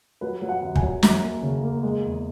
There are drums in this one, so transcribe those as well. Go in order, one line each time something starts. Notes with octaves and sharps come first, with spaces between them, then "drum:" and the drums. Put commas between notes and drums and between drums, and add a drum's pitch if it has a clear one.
F#3 B4
F#3
F#5
F#2
G#5, drum: kick
F#3
F#2 A#5, drum: snare
A#3
C#3
A#3
G#3
E2